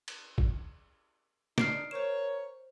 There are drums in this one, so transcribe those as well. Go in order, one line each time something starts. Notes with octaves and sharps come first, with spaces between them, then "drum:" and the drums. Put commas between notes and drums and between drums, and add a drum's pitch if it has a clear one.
drum: cymbal
drum: kick G#1
D4 D#4 F6 C7 D7, drum: snare
A#4 C5 C#5 E7